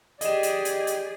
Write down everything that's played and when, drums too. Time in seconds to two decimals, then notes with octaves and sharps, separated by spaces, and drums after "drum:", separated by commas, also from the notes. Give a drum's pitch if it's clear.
0.21 G4 G#4 D5 D#5 E7, drum: hi-hat
0.43 drum: hi-hat
0.65 drum: hi-hat
0.87 drum: hi-hat